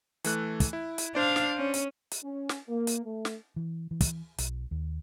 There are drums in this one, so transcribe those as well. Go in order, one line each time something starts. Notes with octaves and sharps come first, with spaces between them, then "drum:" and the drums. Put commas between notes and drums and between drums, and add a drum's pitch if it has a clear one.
E3 A3 F#6, drum: hi-hat
drum: kick, hi-hat
E4
drum: hi-hat
D4 C5 D5 F5
drum: snare
C#4
drum: hi-hat
drum: hi-hat
C#4
drum: snare
A#3
drum: hi-hat
A3
drum: snare
E3
E3
drum: kick, hi-hat
B1, drum: hi-hat
D#2